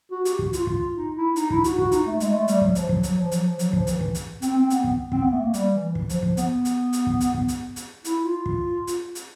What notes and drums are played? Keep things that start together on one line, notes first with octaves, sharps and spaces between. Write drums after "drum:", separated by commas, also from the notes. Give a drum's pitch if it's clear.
F#4
G4, drum: hi-hat
F#4, drum: kick
F4, drum: hi-hat
drum: kick
D#4
E4
D#4, drum: hi-hat
E4, drum: kick
F#4, drum: hi-hat
F#4, drum: kick
D#4, drum: hi-hat
A3
G#3, drum: hi-hat
A3
G3, drum: hi-hat
F#3, drum: kick
F3, drum: hi-hat
F#3, drum: kick
F#3, drum: hi-hat
F3
F#3, drum: hi-hat
F3
F#3, drum: hi-hat
F3, drum: kick
E3, drum: hi-hat
drum: kick
drum: hi-hat
C4, drum: hi-hat
C4
B3, drum: hi-hat
drum: kick
C4, drum: kick
B3
A3
A#3
G3, drum: hi-hat
E3
drum: kick
F3, drum: hi-hat
F3, drum: kick
B3, drum: hi-hat
drum: hi-hat
drum: hi-hat
drum: kick
drum: hi-hat
drum: kick
drum: hi-hat
drum: hi-hat
E4, drum: hi-hat
F4
drum: kick
drum: hi-hat
drum: hi-hat